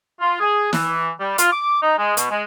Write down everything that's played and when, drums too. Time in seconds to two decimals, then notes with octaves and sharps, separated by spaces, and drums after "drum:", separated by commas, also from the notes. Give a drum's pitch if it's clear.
0.20 F4
0.40 G#4
0.73 E3, drum: snare
1.20 G3
1.38 F4, drum: hi-hat
1.52 D6
1.82 D#4
1.98 G#3
2.17 B2, drum: hi-hat
2.30 G#3